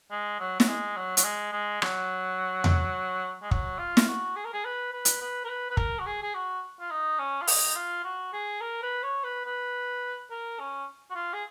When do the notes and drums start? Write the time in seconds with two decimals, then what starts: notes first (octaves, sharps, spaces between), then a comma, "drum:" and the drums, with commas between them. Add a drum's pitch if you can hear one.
0.11 G#3
0.40 F#3
0.60 F#3, drum: snare
0.68 G#3
0.97 F#3
1.17 F#3, drum: hi-hat
1.24 G#3
1.52 G#3
1.82 F#3, drum: rim click
2.64 drum: tom E2
3.42 G#3
3.51 F#3, drum: kick
3.79 F4
3.97 drum: snare
4.08 F#4
4.36 G#4
4.45 A#4
4.53 G#4
4.65 B4
4.93 B4
5.05 drum: hi-hat
5.21 B4
5.45 A#4
5.49 B4
5.70 B4
5.77 A#4, drum: kick
5.99 F#4
6.06 G#4
6.22 G#4
6.34 F#4
6.80 F4
6.91 D#4
7.19 C#4
7.41 F4
7.47 D#4, drum: open hi-hat
7.76 F4
8.04 F#4
8.33 G#4
8.61 A#4
8.83 B4
9.03 C#5
9.24 B4
9.45 B4
10.31 A#4
10.60 C#4
11.10 F#4
11.15 F4
11.34 G#4